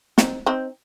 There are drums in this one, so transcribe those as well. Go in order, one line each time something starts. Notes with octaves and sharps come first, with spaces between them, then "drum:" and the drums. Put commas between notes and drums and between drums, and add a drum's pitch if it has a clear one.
C4 D#4, drum: snare
C4 D#4